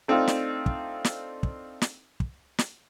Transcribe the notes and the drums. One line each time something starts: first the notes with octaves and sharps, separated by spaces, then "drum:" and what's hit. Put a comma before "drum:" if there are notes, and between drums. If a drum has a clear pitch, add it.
A3 C4 D4 D#4 F4
drum: snare
drum: kick
drum: snare
drum: kick
drum: snare
drum: kick
drum: snare